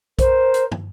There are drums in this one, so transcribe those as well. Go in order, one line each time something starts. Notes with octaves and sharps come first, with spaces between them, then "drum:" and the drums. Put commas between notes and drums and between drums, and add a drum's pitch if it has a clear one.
A#4 C5, drum: kick B1, hi-hat
drum: hi-hat
drum: tom